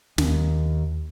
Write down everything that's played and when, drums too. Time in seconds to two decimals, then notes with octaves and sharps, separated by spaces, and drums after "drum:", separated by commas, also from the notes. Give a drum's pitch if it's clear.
0.18 D#2, drum: snare